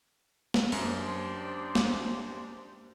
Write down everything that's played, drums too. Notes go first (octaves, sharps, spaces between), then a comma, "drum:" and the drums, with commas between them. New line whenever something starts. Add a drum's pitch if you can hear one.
drum: snare
F#2 D4 G4 C5, drum: open hi-hat
drum: snare